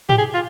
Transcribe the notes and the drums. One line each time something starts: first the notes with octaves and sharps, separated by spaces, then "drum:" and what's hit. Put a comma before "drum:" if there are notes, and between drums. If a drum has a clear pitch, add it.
G4, drum: tom G#2
G#4
F4